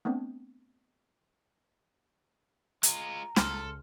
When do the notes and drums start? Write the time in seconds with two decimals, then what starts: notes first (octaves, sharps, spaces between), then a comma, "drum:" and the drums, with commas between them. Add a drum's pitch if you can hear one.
0.05 A3 B3 C4 D4
2.83 G#3 F4 A#5, drum: hi-hat
3.36 C#2 A4 C6 F6, drum: snare